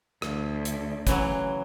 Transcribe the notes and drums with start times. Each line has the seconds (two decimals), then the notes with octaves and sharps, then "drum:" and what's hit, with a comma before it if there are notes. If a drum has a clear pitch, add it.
0.22 D2, drum: rim click
0.65 drum: hi-hat
1.07 C#3 E3 F#3, drum: kick, hi-hat